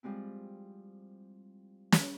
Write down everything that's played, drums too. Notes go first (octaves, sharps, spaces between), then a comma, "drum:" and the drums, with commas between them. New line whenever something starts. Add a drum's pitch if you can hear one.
F3 G3 G#3 C4 E4
drum: snare